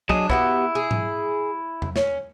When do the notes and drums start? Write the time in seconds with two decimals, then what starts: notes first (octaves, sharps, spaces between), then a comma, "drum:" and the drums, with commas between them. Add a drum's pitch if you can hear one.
0.09 F#3 D4 G#4 D#5, drum: kick
0.30 B3 E4 F#4 G4, drum: kick
0.75 G#4
0.91 drum: tom G#2
1.82 drum: tom E2
1.96 C#4, drum: snare